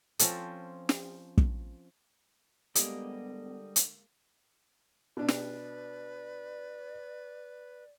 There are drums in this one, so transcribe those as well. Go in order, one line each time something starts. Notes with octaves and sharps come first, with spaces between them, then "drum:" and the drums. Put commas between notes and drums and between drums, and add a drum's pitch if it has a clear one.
F3 C4 C#4 A4, drum: hi-hat
drum: snare
drum: kick
D3 G3 G#3 A#3 B3 G4 D#5, drum: hi-hat
drum: hi-hat
B2 D4 B4 D5
drum: snare